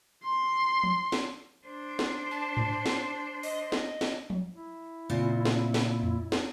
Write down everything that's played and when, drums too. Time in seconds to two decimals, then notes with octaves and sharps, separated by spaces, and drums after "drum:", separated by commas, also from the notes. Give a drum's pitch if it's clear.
0.23 C6
0.83 drum: tom F3
1.12 drum: snare
1.66 D4 C5
1.99 drum: snare
2.31 A5
2.57 drum: tom G#2
2.86 drum: snare
3.43 D#5, drum: open hi-hat
3.72 drum: snare
4.01 drum: snare
4.30 drum: tom F3
4.54 E4
5.10 A#2 C#3 C4 F4
5.45 drum: snare
5.74 drum: snare
6.03 drum: tom F2
6.32 drum: snare